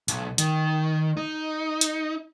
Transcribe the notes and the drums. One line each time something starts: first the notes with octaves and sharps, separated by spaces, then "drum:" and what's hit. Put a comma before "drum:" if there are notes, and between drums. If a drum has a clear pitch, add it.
B1, drum: hi-hat
D#3, drum: hi-hat
D#4
drum: hi-hat